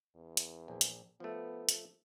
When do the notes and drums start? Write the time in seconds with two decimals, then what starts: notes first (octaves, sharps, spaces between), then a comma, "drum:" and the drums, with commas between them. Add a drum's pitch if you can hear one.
0.15 E2
0.37 drum: hi-hat
0.68 A#1
0.81 drum: hi-hat
1.20 F3 A3 B3
1.69 drum: hi-hat